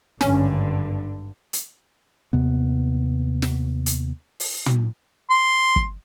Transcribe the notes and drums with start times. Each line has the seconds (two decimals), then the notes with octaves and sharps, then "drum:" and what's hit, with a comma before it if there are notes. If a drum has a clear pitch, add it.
0.21 G#1 G2 D3 C#4, drum: snare
1.53 drum: hi-hat
2.33 D#2 C3 B3
3.42 drum: snare
3.86 drum: hi-hat
4.40 drum: open hi-hat
4.66 drum: tom
5.30 C6
5.76 drum: kick